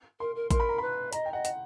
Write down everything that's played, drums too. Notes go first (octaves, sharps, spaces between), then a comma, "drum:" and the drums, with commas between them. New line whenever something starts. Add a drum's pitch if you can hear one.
A#4 C6
A#4
A#4 C6, drum: kick A1, hi-hat
B5
A#5
B4 B5
D#5 A#5, drum: hi-hat
G5
D#5 F#5
F#5, drum: hi-hat